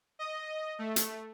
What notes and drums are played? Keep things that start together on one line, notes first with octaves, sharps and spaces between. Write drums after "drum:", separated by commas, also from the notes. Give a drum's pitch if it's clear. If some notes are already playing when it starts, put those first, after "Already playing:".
D#5
A3
drum: hi-hat